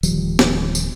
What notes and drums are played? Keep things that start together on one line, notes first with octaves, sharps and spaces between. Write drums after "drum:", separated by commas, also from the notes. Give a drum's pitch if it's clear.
D1 D#3 F3 G3, drum: tambourine
drum: snare
drum: tambourine